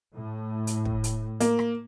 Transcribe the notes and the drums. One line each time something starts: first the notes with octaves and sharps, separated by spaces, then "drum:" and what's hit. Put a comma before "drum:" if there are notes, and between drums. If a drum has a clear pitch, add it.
A2
drum: hi-hat
drum: kick
drum: hi-hat
A#3, drum: hi-hat
drum: rim click